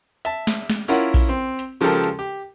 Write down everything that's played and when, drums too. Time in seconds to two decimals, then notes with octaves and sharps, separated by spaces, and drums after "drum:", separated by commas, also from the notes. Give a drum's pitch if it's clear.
0.25 E5 A5, drum: hi-hat
0.47 drum: snare
0.70 drum: snare
0.88 C#4 E4 F4 A#4 F#5
1.14 drum: kick A#1, open hi-hat
1.29 C4
1.59 drum: hi-hat
1.81 C#3 F3 G#3 G4 A4 A#4
2.04 drum: hi-hat
2.19 G4